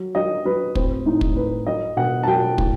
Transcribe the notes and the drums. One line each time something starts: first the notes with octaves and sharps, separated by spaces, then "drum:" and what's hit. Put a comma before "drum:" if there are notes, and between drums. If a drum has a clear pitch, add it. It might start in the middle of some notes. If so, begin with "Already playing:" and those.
Already playing: F#3
F#3 D#5
F#3 B4
A2 C4, drum: kick
A2 D#4
drum: kick
A2 B4
F#3 D#5
B2 F#5
A5
F#3 G5
A2, drum: kick